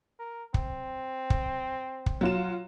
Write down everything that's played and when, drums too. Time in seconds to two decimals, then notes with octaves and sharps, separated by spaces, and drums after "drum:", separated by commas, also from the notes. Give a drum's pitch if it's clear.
0.19 A#4
0.54 C4, drum: kick
1.30 drum: kick
2.06 drum: kick
2.21 F#3 F4 E7